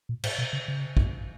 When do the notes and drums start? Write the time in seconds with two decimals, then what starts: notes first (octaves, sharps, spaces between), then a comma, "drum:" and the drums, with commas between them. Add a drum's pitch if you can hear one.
0.09 A#2
0.24 A2, drum: cymbal
0.38 B2
0.53 C#3
0.68 C#3
0.97 drum: kick